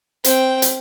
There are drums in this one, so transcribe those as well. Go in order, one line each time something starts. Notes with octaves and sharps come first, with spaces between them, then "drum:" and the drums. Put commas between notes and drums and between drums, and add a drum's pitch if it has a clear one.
C4 G5, drum: hi-hat
drum: hi-hat